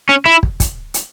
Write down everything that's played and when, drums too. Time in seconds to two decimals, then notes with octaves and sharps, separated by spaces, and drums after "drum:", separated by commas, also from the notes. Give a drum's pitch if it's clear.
0.09 C#4
0.26 E4
0.43 drum: kick
0.60 drum: kick, hi-hat
0.94 drum: hi-hat